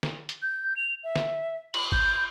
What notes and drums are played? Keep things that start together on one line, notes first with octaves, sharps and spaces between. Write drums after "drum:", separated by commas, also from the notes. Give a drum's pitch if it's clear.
drum: snare
drum: hi-hat
G6
F7
E5
drum: snare
F#7, drum: cymbal
G6, drum: kick